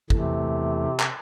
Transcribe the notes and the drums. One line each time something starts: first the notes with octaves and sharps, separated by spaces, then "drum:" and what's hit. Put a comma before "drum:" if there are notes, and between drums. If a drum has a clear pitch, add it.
E2 C3 E3 A3, drum: kick
drum: clap